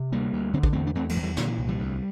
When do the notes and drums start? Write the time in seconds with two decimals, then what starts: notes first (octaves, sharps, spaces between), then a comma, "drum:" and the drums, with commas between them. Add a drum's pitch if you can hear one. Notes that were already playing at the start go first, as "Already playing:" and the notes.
Already playing: C3
0.12 D2 G3 A#3
0.33 D2
0.53 D3 C4
0.63 D4, drum: kick
0.73 E2 A3 C4
0.87 D4
0.95 E2 A3 C4
1.09 F3 A3, drum: cymbal
1.16 E2
1.23 E3 G3
1.37 A#2 D3 F3, drum: snare
1.48 E3
1.58 C2
1.68 E3 G3
1.79 D2